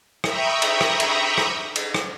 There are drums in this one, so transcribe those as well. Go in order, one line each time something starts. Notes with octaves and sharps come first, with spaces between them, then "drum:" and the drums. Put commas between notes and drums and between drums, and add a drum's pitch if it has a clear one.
E5 G5 A#5 B5 C#6 D#6, drum: rim click
drum: cymbal
drum: rim click
drum: cymbal
drum: rim click
drum: cymbal
drum: rim click